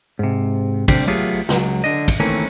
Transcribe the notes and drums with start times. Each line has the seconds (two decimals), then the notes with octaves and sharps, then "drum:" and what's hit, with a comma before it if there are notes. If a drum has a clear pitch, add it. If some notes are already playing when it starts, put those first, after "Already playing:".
0.19 G#2 C3
0.88 D2 C3 G3 D4 G4 C5, drum: kick, cymbal
1.07 F#3 A3 B3 F4 G4 G#4
1.49 C#2 F#3, drum: snare
1.84 D3 D4 D#5
2.08 drum: kick, cymbal
2.20 D#3 E3 A3 A#3 C4 C#4